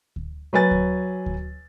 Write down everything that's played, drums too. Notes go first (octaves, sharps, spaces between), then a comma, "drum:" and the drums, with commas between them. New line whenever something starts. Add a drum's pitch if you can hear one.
drum: kick D2
F#3 B4 G#5 A6
drum: kick D2
drum: kick D2